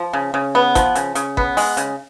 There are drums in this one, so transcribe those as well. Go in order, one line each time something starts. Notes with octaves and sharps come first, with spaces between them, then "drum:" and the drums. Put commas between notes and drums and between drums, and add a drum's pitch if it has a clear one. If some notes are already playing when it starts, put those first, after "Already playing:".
Already playing: F3
C#3
C#3
B3
F3, drum: kick G1, hi-hat
C#3, drum: hi-hat
C#3, drum: hi-hat
B3, drum: kick G1
G#3, drum: open hi-hat
C#3, drum: hi-hat